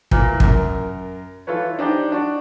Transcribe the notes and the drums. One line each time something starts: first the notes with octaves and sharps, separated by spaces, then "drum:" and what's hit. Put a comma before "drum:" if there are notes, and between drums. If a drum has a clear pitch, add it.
A#2 E3 A#3, drum: kick
F#2 A#4, drum: kick
E3 F4 A4 B4 C#5
D4 D#4 G4 C5
D4 F#4